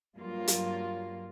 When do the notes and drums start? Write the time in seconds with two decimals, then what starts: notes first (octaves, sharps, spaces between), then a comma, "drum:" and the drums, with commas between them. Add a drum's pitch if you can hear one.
0.17 G2 F#3 A#3 F4
0.48 drum: hi-hat